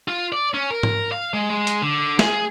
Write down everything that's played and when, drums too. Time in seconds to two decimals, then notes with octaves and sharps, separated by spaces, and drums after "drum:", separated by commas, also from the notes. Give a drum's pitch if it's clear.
0.08 F4
0.32 D5
0.54 C#4
0.71 A#4
0.83 drum: tom G#2
1.12 F5
1.33 G#3
1.50 G#3
1.67 drum: hi-hat
1.82 D3
2.19 G#4, drum: snare